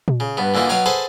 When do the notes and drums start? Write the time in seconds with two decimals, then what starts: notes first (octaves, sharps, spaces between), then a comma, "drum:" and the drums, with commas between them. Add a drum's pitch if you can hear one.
0.08 drum: tom A#2
0.20 C#3
0.37 G2 B3
0.54 A#2 D3 E3 A#3 D#4
0.69 B2 F#3 C#5 F5 G5 D#6
0.86 G#4 A4 B4 C5 F#5 A5